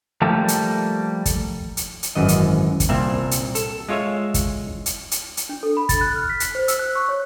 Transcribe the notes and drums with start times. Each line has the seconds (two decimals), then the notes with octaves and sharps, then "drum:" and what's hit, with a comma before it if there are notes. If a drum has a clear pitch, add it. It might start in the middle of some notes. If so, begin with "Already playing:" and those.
0.22 F3 G3 A3 A#3
0.48 drum: hi-hat
1.26 drum: kick, hi-hat
1.77 drum: hi-hat
2.03 drum: hi-hat
2.15 G#1 F#2 E3 D#5
2.28 drum: hi-hat
2.80 drum: kick, hi-hat
2.89 C2 A#2 C4 E5 F5
3.31 drum: hi-hat
3.55 A4, drum: hi-hat
3.89 G#3 F4 C#5 E5 F5
4.34 drum: kick, hi-hat
4.86 drum: hi-hat
5.11 drum: hi-hat
5.37 drum: hi-hat
5.49 D4
5.63 A4
5.77 B5
5.89 A6, drum: kick, hi-hat
6.01 F#6
6.15 F6
6.30 B6
6.40 drum: hi-hat
6.55 C5
6.68 E6, drum: hi-hat
6.79 F#6
6.95 C#6
7.09 C#5